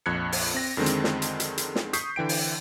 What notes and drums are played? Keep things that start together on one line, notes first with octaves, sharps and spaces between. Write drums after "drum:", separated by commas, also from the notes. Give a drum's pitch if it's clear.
A#1 F2 F#6 G#6 C#7
drum: open hi-hat
C4 A#6
F2 D3 D#3 G#3 C4
drum: hi-hat
drum: snare
drum: hi-hat
drum: hi-hat
drum: hi-hat
drum: snare
C#6 D#6 G6 B6 C7, drum: hi-hat
D3 E3 G5 D7
drum: open hi-hat